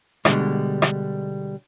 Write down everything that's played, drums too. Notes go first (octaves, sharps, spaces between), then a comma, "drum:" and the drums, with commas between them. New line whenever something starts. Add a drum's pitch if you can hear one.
B2 D3 G3 G#3, drum: rim click
drum: rim click